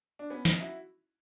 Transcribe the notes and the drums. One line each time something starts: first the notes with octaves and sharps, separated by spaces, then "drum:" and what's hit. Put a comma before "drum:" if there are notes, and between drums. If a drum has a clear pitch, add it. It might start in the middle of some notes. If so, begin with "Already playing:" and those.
D4
B3 C#4
C#4 D#4, drum: snare
E4 F#4